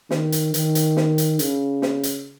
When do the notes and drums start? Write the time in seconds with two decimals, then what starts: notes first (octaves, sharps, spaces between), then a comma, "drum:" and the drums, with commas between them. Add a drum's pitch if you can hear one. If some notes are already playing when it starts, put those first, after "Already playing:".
0.11 D#3, drum: snare
0.32 drum: hi-hat
0.54 D#3, drum: hi-hat
0.75 drum: hi-hat
0.97 drum: snare
1.18 drum: hi-hat
1.39 C#3, drum: hi-hat
1.82 drum: snare
2.03 drum: hi-hat